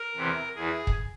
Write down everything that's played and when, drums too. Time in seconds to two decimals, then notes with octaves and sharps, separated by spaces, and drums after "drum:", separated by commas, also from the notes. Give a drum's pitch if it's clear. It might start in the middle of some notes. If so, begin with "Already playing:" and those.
Already playing: A#4
0.16 E2 C3 E3
0.55 E2 E3 G#4
0.87 drum: kick